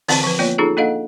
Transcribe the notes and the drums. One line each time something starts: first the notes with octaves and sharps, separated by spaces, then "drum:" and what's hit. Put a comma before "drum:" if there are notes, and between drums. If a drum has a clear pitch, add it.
D3 E3 C4 D5 A5, drum: open hi-hat
F3 B4
A#3 B3 F4 C#5 D5
C#4 D#4 F4 G#4 A4
A#3 D4 A4 D#5 F5 F#5